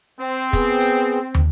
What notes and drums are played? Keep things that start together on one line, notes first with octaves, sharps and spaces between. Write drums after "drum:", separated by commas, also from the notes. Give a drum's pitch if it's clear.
C4
B3 G#4, drum: kick, hi-hat
drum: hi-hat
drum: tom